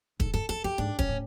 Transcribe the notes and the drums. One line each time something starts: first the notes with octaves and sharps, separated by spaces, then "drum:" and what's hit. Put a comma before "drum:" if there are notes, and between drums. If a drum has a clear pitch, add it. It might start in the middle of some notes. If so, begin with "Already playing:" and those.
G#2 A4, drum: kick D#1
G2 A4
F2 A4
F#2 G4
G#2 D4
C#4, drum: kick D#1
A2